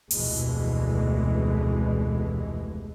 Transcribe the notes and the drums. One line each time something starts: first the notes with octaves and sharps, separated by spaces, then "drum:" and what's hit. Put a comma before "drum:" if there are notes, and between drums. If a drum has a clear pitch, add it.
F1 D2 B2 E3 G#3, drum: open hi-hat